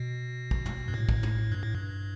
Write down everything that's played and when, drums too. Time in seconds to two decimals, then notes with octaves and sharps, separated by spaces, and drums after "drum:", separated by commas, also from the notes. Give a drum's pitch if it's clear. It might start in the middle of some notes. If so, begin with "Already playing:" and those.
Already playing: B2
0.51 drum: kick
0.66 drum: tom
0.88 G2
0.94 A2
1.09 drum: kick
1.23 drum: tom
1.52 G2
1.63 A2
1.75 G2